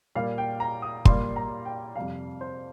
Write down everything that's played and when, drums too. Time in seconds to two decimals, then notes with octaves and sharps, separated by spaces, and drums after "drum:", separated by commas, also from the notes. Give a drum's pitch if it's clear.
0.15 A#2 G3 A#3 F5
0.38 G5
0.60 A#5
0.82 D#6
1.05 A#2 G3 A#3 C6, drum: kick
1.36 A#5
1.65 G5
1.96 F2 C3 G3 F5
2.41 C5